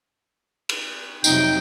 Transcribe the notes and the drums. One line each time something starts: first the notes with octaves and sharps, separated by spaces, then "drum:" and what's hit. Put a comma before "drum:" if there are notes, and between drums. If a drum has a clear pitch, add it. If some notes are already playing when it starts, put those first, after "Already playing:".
drum: cymbal
F2 C3 F#3 D#4 G5, drum: tambourine